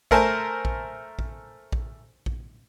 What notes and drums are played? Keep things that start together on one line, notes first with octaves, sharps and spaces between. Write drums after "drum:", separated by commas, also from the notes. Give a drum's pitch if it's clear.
A3 A#4 C5 G#5 A5, drum: kick A#1
drum: kick A#1
drum: kick A#1
drum: kick A#1
drum: kick A#1